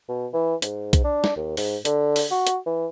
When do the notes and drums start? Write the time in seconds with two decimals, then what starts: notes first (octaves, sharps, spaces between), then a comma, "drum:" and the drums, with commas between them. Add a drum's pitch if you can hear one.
0.09 B2
0.33 E3
0.62 G#2, drum: hi-hat
0.93 drum: kick B1, hi-hat
1.04 D4
1.24 drum: snare
1.36 D#2
1.57 G#2, drum: open hi-hat
1.85 D3, drum: hi-hat
2.16 drum: open hi-hat
2.31 F#4
2.47 drum: hi-hat
2.66 E3